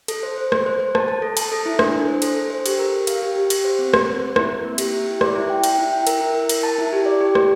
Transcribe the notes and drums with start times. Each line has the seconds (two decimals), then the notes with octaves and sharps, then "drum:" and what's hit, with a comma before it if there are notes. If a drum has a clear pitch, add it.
0.08 A4, drum: cymbal
0.23 C5
0.38 C5
0.52 C5, drum: rim click
0.66 C5
0.80 C5
0.95 A5, drum: rim click
1.08 A5
1.22 A4
1.37 A5, drum: cymbal
1.52 A4
1.66 E4
1.79 D4, drum: rim click
1.94 D4
2.08 C5
2.22 A4, drum: cymbal
2.36 A4
2.50 C5
2.66 G4, drum: cymbal
2.79 A#4
2.93 A#4
3.07 F5, drum: cymbal
3.22 G4
3.36 G4
3.50 G4, drum: cymbal
3.64 C5
3.79 C4
3.94 C5, drum: rim click
4.07 C4
4.21 C4
4.36 E4, drum: rim click
4.50 E4
4.65 A#3
4.78 G4, drum: cymbal
4.93 E4
5.07 G4
5.21 D5, drum: rim click
5.35 E4
5.50 G5
5.64 G5, drum: cymbal
5.79 E4
5.93 G5
6.07 A#4, drum: cymbal
6.21 E4
6.35 A#4
6.49 A#4, drum: cymbal
6.63 A5
6.78 E4
6.93 G4
7.06 D5
7.21 G4
7.35 G4, drum: rim click